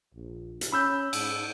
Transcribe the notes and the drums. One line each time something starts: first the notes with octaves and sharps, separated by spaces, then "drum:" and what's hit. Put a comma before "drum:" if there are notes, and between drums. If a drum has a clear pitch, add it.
A#1
drum: hi-hat
C#4 B5 E6 G6
G#2, drum: cymbal